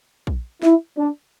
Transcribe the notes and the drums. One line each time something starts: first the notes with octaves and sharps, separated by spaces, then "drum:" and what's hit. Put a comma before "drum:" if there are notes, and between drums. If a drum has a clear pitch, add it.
drum: kick A#1
E4, drum: snare
D4